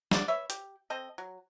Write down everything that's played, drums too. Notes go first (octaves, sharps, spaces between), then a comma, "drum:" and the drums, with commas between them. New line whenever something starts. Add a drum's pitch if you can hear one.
D4 F#4 D5, drum: snare
B4 C#5 E5
G4, drum: hi-hat
C4 A4 D#5
F#3